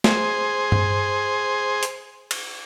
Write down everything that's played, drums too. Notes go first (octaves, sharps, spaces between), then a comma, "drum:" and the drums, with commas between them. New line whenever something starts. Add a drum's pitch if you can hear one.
G#4 C5, drum: snare
drum: tom G2
drum: hi-hat
drum: cymbal